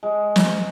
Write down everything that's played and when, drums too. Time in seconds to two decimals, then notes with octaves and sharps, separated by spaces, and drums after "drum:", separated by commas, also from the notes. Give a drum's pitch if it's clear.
0.03 G#3
0.36 drum: snare